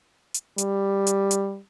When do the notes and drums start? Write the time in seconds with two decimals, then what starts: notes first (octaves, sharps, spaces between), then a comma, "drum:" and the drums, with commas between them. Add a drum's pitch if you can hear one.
0.34 drum: hi-hat
0.58 G3, drum: hi-hat
1.07 drum: hi-hat
1.31 drum: hi-hat